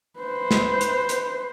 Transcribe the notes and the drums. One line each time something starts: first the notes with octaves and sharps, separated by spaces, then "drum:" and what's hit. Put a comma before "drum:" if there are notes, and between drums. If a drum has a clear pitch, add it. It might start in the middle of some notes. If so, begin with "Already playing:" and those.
B4 C5
drum: snare
drum: hi-hat
drum: hi-hat